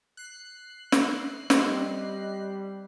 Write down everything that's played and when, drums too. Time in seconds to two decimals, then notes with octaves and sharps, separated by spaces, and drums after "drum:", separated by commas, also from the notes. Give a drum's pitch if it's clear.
0.17 F#6 C7
0.92 drum: snare
1.50 G3 C4 G4 D#5, drum: snare